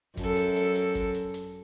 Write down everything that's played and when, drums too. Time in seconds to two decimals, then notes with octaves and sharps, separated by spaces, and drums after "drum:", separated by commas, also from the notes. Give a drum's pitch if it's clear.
0.17 F#2 A4, drum: kick G1, hi-hat
0.37 drum: hi-hat
0.56 drum: hi-hat
0.76 drum: hi-hat
0.95 drum: kick G1, hi-hat
1.14 drum: hi-hat
1.34 drum: hi-hat